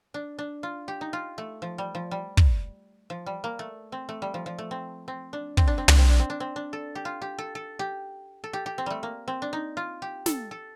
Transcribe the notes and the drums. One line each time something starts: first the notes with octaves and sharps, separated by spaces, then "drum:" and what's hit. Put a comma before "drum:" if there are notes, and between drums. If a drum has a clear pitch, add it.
D4
D4
F4
G4
D#4
F4
A3
F3
G3
F3
G3
drum: kick
F3
G3
A#3
A3
C4
A3
G3
F3
F3
A3
C4
C4
D4
C4, drum: kick
D4
C4
D4, drum: tom
C4
D4
C4
D4
C4
D4
A4
G4
F4
G4
A4
A4
G4
A4
G4
G4
C4
G3 A3
A#3
C4
D4
D#4
F4
G4
A4, drum: snare
A4